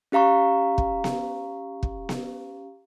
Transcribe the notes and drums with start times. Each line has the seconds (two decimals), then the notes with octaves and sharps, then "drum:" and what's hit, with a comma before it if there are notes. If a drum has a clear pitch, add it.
0.12 C#4 G4 F5 A#5 C#6
0.78 drum: kick
1.04 drum: snare B3
1.83 drum: kick
2.09 drum: snare B3